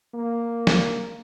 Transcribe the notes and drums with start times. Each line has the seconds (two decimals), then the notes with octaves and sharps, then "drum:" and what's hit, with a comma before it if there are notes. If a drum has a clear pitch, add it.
0.14 A#3
0.67 drum: snare